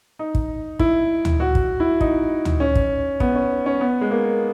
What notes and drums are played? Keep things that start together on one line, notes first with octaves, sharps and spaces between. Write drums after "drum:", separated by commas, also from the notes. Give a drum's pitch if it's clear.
D#4
drum: kick
E4, drum: kick
drum: tom D2
F#4
drum: kick
E4
D#4, drum: kick
drum: tom D2
C#4
drum: kick
B3, drum: kick
C#4
C#4
B3
G#3
A#3